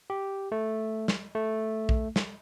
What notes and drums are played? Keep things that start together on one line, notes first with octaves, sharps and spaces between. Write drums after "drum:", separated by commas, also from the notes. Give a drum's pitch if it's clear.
G4
A3
drum: snare
A3
drum: kick A#1
drum: snare